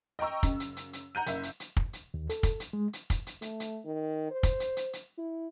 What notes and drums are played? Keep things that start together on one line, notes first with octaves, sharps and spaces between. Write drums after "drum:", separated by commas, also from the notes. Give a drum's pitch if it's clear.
D#5 G5 A#5 C#6 E6
F#2 C#3, drum: kick, hi-hat
drum: hi-hat
drum: hi-hat
drum: hi-hat
F#5 A#5 G6 D#7
F#1 E5, drum: hi-hat
drum: hi-hat
drum: hi-hat
drum: kick
drum: hi-hat
D#2
A4, drum: hi-hat
drum: kick, hi-hat
drum: hi-hat
G#3
drum: hi-hat
drum: kick, hi-hat
drum: hi-hat
A3, drum: hi-hat
drum: hi-hat
D#3
C5
drum: kick, hi-hat
drum: hi-hat
drum: hi-hat
drum: hi-hat
E4